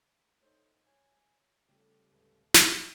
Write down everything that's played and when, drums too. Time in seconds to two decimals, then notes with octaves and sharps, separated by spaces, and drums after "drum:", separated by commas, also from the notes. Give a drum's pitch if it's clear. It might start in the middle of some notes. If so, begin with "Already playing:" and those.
0.41 A3 D#4 C5 C#5
0.86 C#5 G#5
1.68 C#3 G3 A3 F4 G4 A4
2.10 D1 G#3 B4
2.54 drum: snare